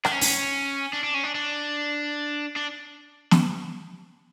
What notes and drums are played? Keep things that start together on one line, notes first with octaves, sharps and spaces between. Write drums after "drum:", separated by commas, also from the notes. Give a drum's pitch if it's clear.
D4, drum: rim click
C#4
drum: open hi-hat
D4
D4
C#4
D4
D4
D4
drum: snare